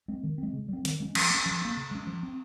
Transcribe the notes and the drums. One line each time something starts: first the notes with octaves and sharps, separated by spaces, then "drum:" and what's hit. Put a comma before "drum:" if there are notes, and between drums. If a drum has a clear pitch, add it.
G#3 C4
D#3
G#3 C4
C#3
G3 C4
D#3, drum: hi-hat
G#3 C#4
F3, drum: cymbal
A#3
C#4
F3
C#4
A#3
C#3
G#3 C#4
F3
C4